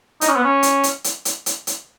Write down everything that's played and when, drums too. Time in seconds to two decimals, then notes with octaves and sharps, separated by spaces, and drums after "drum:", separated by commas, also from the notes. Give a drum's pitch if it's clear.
0.21 D#4, drum: hi-hat
0.28 C#4
0.36 B3
0.44 C#4
0.63 drum: hi-hat
0.83 drum: hi-hat
1.04 drum: hi-hat
1.25 drum: hi-hat
1.46 drum: hi-hat
1.67 drum: hi-hat